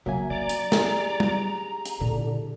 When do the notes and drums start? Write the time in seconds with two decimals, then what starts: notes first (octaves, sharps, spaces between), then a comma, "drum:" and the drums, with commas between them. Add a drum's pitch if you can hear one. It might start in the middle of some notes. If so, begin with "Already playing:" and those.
0.06 C#3 F#3 A#3 E5 G#5
0.30 C#4 D5 A#5
0.49 drum: hi-hat
0.72 G4 G#4, drum: snare
1.20 drum: tom G3
1.86 drum: hi-hat
2.01 A#2 D3 E4